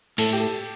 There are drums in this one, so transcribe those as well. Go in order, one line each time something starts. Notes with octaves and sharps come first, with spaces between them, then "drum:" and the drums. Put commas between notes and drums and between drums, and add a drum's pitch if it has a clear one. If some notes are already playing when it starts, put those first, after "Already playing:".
A2 A4, drum: cymbal
G4
A4